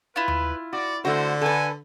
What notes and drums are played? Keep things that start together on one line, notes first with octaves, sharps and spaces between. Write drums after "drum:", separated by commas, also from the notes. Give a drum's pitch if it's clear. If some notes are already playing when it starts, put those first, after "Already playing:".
E4 F4 B4
drum: tom D#2
F#4 D5
D3 A3 F#4 C5
A4 B4 G#5